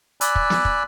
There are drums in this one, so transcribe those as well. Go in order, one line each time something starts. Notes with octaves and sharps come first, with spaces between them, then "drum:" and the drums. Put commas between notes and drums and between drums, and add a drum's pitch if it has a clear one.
D5 G#5 B5 E6 F#6, drum: hi-hat
drum: kick
drum: snare
drum: kick